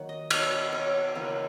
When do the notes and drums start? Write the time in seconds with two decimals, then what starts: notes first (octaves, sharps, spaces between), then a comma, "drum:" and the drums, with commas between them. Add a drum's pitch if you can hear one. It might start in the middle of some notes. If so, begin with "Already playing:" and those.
Already playing: D#3 F#3 A#3 F#5
0.09 D#5
0.30 B2 G#3 B3 C#5, drum: cymbal
0.51 B4
0.73 C#5
1.15 C#3 E3 A#3